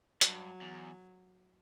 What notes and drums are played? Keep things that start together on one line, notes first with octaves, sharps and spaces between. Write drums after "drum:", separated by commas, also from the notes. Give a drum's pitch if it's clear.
G2 F#3, drum: hi-hat
E2